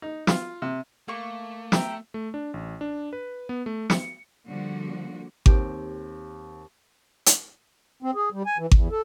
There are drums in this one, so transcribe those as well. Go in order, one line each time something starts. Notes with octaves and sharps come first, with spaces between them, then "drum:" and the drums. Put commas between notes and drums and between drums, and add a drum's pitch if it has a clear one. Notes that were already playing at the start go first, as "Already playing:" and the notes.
D#4
F4, drum: snare
C3
A3 A#3 C#6
E5 G5 A#5, drum: snare
A3
D4
A1
D4
B4
B3
A3
C#7, drum: snare
D3 F3 G3 A#3 F#4
D#2 C4 G4, drum: kick G#1
drum: hi-hat
C4
G#4
G3
G#5
E3
E2, drum: kick G#1
A4